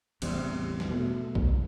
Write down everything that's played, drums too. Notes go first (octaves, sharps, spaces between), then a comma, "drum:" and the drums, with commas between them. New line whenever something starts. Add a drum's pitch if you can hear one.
A1 E2 C3 G3, drum: cymbal
drum: snare
B2 A3
drum: kick B1